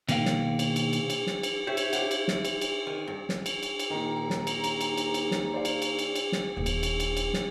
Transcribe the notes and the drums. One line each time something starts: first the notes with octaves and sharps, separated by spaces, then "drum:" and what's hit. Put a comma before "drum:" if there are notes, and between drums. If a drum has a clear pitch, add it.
B2 D#3 A#3 G4 F5 G5, drum: cymbal
drum: snare
drum: cymbal
drum: cymbal
drum: cymbal
drum: cymbal
drum: snare
drum: cymbal
G4 C5 C#5 E5
drum: cymbal
G4 F5 F#5, drum: cymbal
drum: cymbal
drum: snare
drum: cymbal
drum: cymbal
D#3
G2
drum: snare
drum: cymbal
drum: cymbal
drum: cymbal
A#2 D#3 A#5
D#2
drum: snare
drum: cymbal
drum: cymbal
drum: cymbal
drum: cymbal
drum: cymbal
drum: snare
C5 D5 F5
drum: cymbal
drum: cymbal
drum: cymbal
drum: cymbal
drum: snare
D#1
drum: cymbal
drum: cymbal
drum: cymbal
drum: cymbal
drum: snare